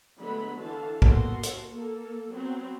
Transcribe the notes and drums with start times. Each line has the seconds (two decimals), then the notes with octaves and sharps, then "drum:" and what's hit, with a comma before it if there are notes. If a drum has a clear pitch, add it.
0.19 D3 F#3 G#3 A3 B3 B5
0.60 D3 E3 F#4 A4 F5 A5
1.02 A#3 B3 F#4 A4 C6, drum: kick
1.43 drum: hi-hat
1.70 A#3 A4
2.32 F#3 B3 C4